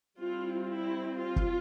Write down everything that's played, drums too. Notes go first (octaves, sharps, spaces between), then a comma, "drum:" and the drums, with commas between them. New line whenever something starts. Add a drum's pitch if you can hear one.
G3 C4 E4 F4
E4
F4
drum: kick